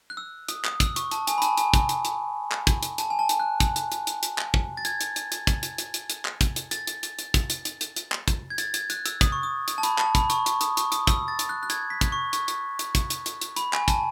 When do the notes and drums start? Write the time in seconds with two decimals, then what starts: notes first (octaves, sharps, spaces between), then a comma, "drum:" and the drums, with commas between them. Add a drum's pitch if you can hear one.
0.10 F#6
0.17 E6
0.49 D#6, drum: hi-hat
0.65 D#6, drum: clap
0.80 E6, drum: kick, hi-hat
0.96 C#6, drum: hi-hat
1.11 A5, drum: hi-hat
1.27 G#5, drum: hi-hat
1.38 B5
1.42 A5, drum: hi-hat
1.58 G#5, drum: hi-hat
1.74 drum: kick, hi-hat
1.89 drum: hi-hat
2.05 drum: hi-hat
2.51 drum: clap
2.67 drum: kick, hi-hat
2.83 drum: hi-hat
2.98 A5, drum: hi-hat
3.10 G#5
3.19 A5
3.29 drum: hi-hat
3.40 F#6
3.60 drum: kick, hi-hat
3.76 drum: hi-hat
3.92 drum: hi-hat
4.07 drum: hi-hat
4.23 drum: hi-hat
4.38 drum: clap
4.54 drum: kick
4.77 A6
4.85 G#6, drum: hi-hat
5.01 drum: hi-hat
5.16 drum: hi-hat
5.32 drum: hi-hat
5.47 drum: kick, hi-hat
5.63 drum: hi-hat
5.78 drum: hi-hat
5.94 drum: hi-hat
6.10 drum: hi-hat
6.25 drum: clap
6.41 drum: kick, hi-hat
6.56 drum: hi-hat
6.71 A6, drum: hi-hat
6.87 drum: hi-hat
7.03 drum: hi-hat
7.19 drum: hi-hat
7.34 drum: kick, hi-hat
7.50 drum: hi-hat
7.65 drum: hi-hat
7.81 drum: hi-hat
7.96 drum: hi-hat
8.12 drum: clap
8.28 drum: kick, hi-hat
8.50 G#6
8.58 A6, drum: hi-hat
8.74 G#6, drum: hi-hat
8.90 F#6, drum: hi-hat
9.06 E6, drum: hi-hat
9.21 D#6, drum: kick, hi-hat
9.32 C#6
9.43 D#6
9.68 drum: hi-hat
9.78 A5
9.83 B5, drum: hi-hat
9.98 A5, drum: clap
10.15 B5, drum: kick, hi-hat
10.30 C#6, drum: hi-hat
10.46 C#6, drum: hi-hat
10.61 D#6, drum: hi-hat
10.77 C#6, drum: hi-hat
10.92 D#6, drum: hi-hat
11.07 E6, drum: kick, hi-hat
11.28 A6
11.39 drum: hi-hat
11.49 F#6
11.63 F#6
11.70 G#6, drum: hi-hat
11.90 B6
12.01 drum: kick, hi-hat
12.12 C#6
12.33 C#6, drum: hi-hat
12.48 drum: hi-hat
12.79 drum: hi-hat
12.95 drum: kick, hi-hat
13.10 drum: hi-hat
13.26 drum: hi-hat
13.41 drum: hi-hat
13.56 B5, drum: hi-hat
13.73 G#5, drum: clap
13.88 A5, drum: kick, hi-hat